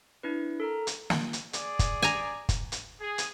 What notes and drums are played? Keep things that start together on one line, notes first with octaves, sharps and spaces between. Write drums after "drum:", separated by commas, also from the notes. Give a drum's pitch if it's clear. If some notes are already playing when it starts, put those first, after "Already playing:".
D4 E4 B4
A4 A#4 A#5
drum: hi-hat
drum: snare
drum: hi-hat
G#4 D5, drum: hi-hat
drum: kick, hi-hat
G#5 A#5, drum: hi-hat
drum: kick, hi-hat
drum: hi-hat
G#4
drum: hi-hat